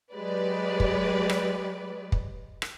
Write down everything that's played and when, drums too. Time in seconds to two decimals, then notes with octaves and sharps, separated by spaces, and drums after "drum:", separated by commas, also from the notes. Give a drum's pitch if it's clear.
0.14 F#3 G#3 G4 B4 D5
0.80 drum: kick
1.29 drum: rim click
2.12 drum: kick
2.62 drum: rim click